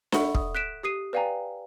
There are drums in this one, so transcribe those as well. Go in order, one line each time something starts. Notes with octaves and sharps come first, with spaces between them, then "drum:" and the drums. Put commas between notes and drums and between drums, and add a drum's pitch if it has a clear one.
A4 E5 F#5 B5 C#6 G7, drum: snare D4
D#6, drum: kick
F#6 B6 D7 E7
G4 D#6 C7 D#7
B4 D5 F5 G5 G#5 A#5